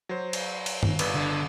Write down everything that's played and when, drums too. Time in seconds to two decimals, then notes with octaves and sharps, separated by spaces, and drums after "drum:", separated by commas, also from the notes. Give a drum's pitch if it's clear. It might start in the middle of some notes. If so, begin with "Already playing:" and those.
0.09 F#3 C5
0.33 drum: cymbal
0.66 drum: cymbal
0.83 drum: tom G2
0.99 G1 B4 E6, drum: cymbal
1.15 D3